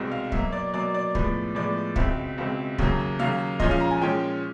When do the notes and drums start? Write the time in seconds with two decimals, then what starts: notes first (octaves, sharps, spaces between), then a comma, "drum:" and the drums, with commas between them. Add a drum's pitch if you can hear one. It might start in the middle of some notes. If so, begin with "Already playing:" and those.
Already playing: C2 B2 G#3 C4
0.12 F5
0.32 B2 F#3 A#3 E5, drum: kick
0.52 D5
0.74 B2 F#3 A#3 D5
0.94 D5
1.15 A2 F3 G#3 B3, drum: kick
1.55 A2 F3 G#3 B3 D5
1.96 C#2 B2 G#3 C4 E5, drum: kick
2.38 C#2 B2 G#3 C4
2.78 D#2 C#3 F#3 A#3, drum: kick
3.19 D#2 C#3 F#3 A#3 F5
3.60 A#2 F3 G#3 C#4 D#5, drum: kick
3.71 F5
3.80 A#5
3.91 G#5
4.01 A#2 F3 G#3 C#4 G5